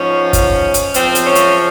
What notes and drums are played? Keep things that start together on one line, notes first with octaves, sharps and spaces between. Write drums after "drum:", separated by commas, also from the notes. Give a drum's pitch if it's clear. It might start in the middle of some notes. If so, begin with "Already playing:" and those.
Already playing: G#2 F3 C#4
drum: kick, hi-hat
drum: hi-hat
F#2 C#3 F3 C4, drum: hi-hat
drum: hi-hat
C#4
drum: hi-hat